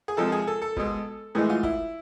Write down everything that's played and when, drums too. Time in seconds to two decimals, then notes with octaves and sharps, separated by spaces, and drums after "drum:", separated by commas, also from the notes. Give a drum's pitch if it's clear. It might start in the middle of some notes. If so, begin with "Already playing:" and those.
0.08 G#4
0.17 C3 F3 G#3 A4
0.32 G#4
0.47 A4
0.62 A4
0.77 B2 G#3, drum: kick G1
1.35 A2 E3 G#3 G#4
1.50 F4
1.63 E4, drum: kick G1